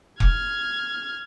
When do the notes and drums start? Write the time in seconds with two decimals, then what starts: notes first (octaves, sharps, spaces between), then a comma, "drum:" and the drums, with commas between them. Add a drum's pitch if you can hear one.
0.20 F6 G#6, drum: kick F1